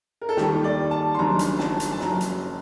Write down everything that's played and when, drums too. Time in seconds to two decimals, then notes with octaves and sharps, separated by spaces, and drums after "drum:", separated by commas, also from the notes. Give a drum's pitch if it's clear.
0.22 A#4
0.29 A4
0.37 D#2 D#3 G3 G4, drum: snare
0.64 D5
0.91 A5
1.15 C6
1.18 F#1 F#2 D#3 G3 D4 A#5
1.39 drum: hi-hat
1.59 A5, drum: snare
1.80 drum: hi-hat
1.92 A5
2.00 F#1 F#2 F#3 A#5, drum: snare
2.21 drum: hi-hat